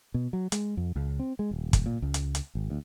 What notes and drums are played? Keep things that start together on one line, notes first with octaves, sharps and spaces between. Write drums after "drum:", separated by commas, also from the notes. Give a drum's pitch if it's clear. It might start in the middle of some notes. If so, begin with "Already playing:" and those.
B2
F#3
G#3, drum: hi-hat
F2
C#2
C4
G#3
D#1
drum: kick, hi-hat
A#2
C#2
drum: hi-hat
drum: hi-hat
G#1
D2